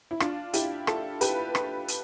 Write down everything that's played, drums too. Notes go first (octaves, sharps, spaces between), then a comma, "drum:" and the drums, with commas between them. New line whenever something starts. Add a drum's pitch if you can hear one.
E4
D4 F4, drum: rim click
E4 G4, drum: hi-hat
F4 A4, drum: rim click
G4 B4, drum: hi-hat
drum: rim click
drum: hi-hat